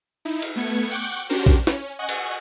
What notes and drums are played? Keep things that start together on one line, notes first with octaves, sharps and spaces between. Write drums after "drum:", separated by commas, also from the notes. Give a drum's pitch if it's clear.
D#4 E4
drum: cymbal
A3 B3 G#6 C#7
F#5 G5 C#6 D6 F#6 G6
C#4 D4 F#4 G4 A#4 C5
drum: kick A#1
C#4, drum: snare
D#5 F#5 G#5 C#6 F#6
drum: cymbal